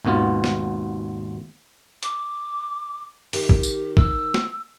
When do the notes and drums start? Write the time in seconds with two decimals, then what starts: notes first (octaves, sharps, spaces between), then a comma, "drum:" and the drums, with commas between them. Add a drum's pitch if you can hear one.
0.05 G#1 D#2 B2 B3 F4
0.44 drum: snare
2.03 D6, drum: hi-hat
3.33 D#3 G4, drum: open hi-hat
3.49 drum: kick A#1
3.63 drum: tambourine
3.97 E6, drum: kick A#1
4.34 drum: snare